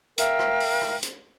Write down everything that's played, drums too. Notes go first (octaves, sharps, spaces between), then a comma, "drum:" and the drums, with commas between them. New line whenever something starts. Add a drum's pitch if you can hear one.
A#4 E5 F5 G5, drum: hi-hat
drum: rim click
drum: open hi-hat
drum: rim click
drum: hi-hat